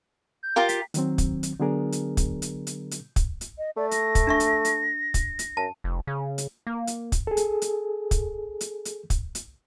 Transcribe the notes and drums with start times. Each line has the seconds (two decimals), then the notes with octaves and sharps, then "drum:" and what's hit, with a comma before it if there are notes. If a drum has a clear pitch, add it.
0.43 G6
0.56 F4 G4 A#4 F5
0.69 B6, drum: hi-hat
0.94 D#3 F#3 C4, drum: hi-hat
1.18 drum: kick, hi-hat
1.43 drum: hi-hat
1.60 D3 F#3 B3 D4 G#4 A#4
1.92 drum: hi-hat
2.17 drum: kick, hi-hat
2.42 drum: hi-hat
2.67 drum: hi-hat
2.91 drum: hi-hat
3.16 drum: kick, hi-hat
3.41 drum: hi-hat
3.58 D#5
3.77 A3 D5
3.91 A#6, drum: hi-hat
4.15 drum: kick, hi-hat
4.27 D4 E5 C#6
4.40 drum: hi-hat
4.65 drum: hi-hat
5.14 drum: kick, hi-hat
5.39 drum: hi-hat
5.57 F#2 A5
5.84 F1
6.07 C#3
6.38 drum: hi-hat
6.67 A#3
6.87 drum: hi-hat
7.12 drum: kick, hi-hat
7.27 G#4 A4
7.37 drum: hi-hat
7.62 drum: hi-hat
8.11 drum: kick, hi-hat
8.61 drum: hi-hat
8.85 drum: hi-hat
9.10 drum: kick, hi-hat
9.35 drum: hi-hat